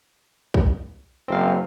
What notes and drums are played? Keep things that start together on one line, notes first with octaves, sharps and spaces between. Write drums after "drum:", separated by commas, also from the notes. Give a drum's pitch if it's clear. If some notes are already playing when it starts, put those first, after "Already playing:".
drum: kick
F#1 C4 F5